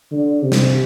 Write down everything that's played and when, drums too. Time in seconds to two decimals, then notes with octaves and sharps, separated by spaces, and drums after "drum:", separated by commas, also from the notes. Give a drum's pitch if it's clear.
0.12 D3
0.43 C3
0.52 drum: snare